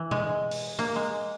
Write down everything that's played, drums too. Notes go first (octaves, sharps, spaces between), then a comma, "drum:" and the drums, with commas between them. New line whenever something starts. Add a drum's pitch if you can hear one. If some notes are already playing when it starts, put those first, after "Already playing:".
Already playing: E3
G#3, drum: tom B2
drum: open hi-hat
A#3
G#3